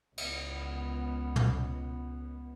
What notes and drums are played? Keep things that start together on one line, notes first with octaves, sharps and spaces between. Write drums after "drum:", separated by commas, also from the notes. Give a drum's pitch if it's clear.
C#2 B3, drum: cymbal
drum: tom